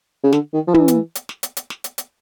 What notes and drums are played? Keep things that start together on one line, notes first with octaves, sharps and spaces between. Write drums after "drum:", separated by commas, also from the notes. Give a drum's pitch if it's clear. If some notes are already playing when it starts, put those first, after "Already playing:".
C#3
D3, drum: snare
D#3
F3
E3, drum: tom
drum: hi-hat
drum: hi-hat
drum: snare
drum: hi-hat
drum: hi-hat
drum: snare
drum: hi-hat
drum: hi-hat